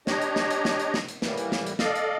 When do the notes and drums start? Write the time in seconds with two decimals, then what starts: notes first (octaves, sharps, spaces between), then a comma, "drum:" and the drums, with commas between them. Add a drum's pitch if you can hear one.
0.07 D4 G4 C#5 D#5 A#5, drum: snare
0.22 drum: hi-hat
0.36 drum: snare
0.51 drum: hi-hat
0.65 drum: snare
0.80 drum: hi-hat
0.94 drum: snare
1.08 drum: hi-hat
1.22 A2 E3 G3 A#3, drum: snare
1.37 drum: hi-hat
1.52 drum: snare
1.66 drum: hi-hat
1.79 A4 D5 D#5 F5, drum: snare
1.95 drum: hi-hat